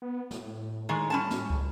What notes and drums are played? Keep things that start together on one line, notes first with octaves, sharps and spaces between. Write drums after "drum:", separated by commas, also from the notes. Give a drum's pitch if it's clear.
B3
A2, drum: snare
D#3 G#3
G3 C#4 A5
drum: snare
C#2, drum: kick